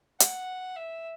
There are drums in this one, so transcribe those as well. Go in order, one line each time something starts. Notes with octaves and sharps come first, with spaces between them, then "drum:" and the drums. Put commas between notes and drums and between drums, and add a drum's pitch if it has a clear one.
F#5, drum: hi-hat
E5